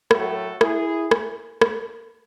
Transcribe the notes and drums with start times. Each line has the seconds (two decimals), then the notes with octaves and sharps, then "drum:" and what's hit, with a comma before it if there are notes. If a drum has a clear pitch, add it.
0.11 A2 F#3 A3 F#4 A4, drum: rim click
0.61 E4 G#4, drum: rim click
1.11 drum: rim click
1.61 drum: rim click